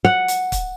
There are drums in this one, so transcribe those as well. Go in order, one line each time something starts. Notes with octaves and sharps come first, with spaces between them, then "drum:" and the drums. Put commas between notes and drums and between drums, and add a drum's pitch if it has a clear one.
F#5
drum: hi-hat
drum: kick, hi-hat